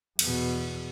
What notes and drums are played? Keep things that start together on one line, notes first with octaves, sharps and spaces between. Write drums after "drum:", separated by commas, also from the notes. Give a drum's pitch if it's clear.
E2 B2, drum: cymbal